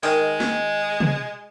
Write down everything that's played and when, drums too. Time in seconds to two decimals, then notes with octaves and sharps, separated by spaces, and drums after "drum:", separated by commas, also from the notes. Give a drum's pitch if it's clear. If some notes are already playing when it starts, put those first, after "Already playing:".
0.03 D#3 G#3 D#5, drum: open hi-hat
0.40 drum: snare
1.00 drum: tom